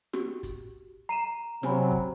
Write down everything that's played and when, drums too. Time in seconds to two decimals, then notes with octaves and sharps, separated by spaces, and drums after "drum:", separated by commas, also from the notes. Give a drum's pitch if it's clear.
0.13 F#4 G4, drum: snare
0.43 drum: kick, hi-hat
1.09 A#5 C7 D#7 E7
1.63 C3 F#3 C5 G#5 B5, drum: snare
1.92 drum: kick